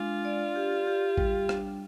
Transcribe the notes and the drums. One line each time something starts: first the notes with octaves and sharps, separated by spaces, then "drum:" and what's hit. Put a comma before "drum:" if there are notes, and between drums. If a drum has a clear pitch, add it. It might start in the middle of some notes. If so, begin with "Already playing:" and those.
Already playing: G#3 D4 F4
D5
G4
G4
G3, drum: kick A1
D4, drum: rim click